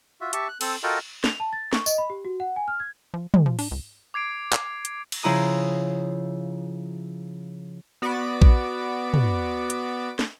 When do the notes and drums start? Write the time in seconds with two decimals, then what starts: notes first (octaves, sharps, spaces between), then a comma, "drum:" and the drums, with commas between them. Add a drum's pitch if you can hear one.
0.21 F4 F#4 E5
0.33 G4 E5 A5 C#6, drum: hi-hat
0.48 F#6
0.61 C4 A4, drum: cymbal
0.83 F4 F#4 A4 A#4 D#5 G5
1.24 F7, drum: snare
1.40 A5
1.53 A6
1.73 C#6, drum: snare
1.86 D#5, drum: tambourine
1.98 B5
2.10 G4
2.25 F#4
2.40 F#5
2.56 G#5
2.68 F6
2.80 G#6
3.14 F3
3.34 G#3, drum: tom
3.46 F3
3.59 D4, drum: open hi-hat
3.71 C#2
4.14 D6 G#6 C7 D7
4.52 drum: clap
4.85 drum: hi-hat
5.12 drum: cymbal
5.23 C#3 F3 E4 A#5 D#6
8.02 B3 F#4 D5 A6 B6 D7
8.42 drum: kick A#1
9.14 drum: tom
9.70 drum: hi-hat
10.19 drum: snare